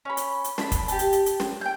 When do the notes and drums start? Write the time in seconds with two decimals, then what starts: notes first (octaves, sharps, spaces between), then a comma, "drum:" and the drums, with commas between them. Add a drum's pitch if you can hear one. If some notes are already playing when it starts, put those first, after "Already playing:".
0.05 C#4 B5
0.17 drum: hi-hat
0.44 drum: hi-hat
0.58 D4 B5, drum: snare
0.72 drum: kick, hi-hat
0.88 G4 A5, drum: hi-hat
0.99 drum: hi-hat
1.12 drum: hi-hat
1.26 drum: hi-hat
1.40 drum: snare
1.61 G5 G6